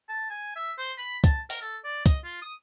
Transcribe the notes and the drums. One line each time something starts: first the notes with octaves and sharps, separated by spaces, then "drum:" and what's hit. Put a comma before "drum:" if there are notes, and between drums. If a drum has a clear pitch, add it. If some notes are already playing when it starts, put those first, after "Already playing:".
A5
G#5
E5
C5
B5
A5, drum: kick, hi-hat
A#4, drum: open hi-hat
A4
D5
D#5, drum: kick, hi-hat
F4
D#6